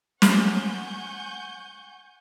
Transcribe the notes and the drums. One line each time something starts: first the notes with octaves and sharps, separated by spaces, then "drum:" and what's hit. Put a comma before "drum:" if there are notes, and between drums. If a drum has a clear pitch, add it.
F#5 G#5 C#6 G6, drum: snare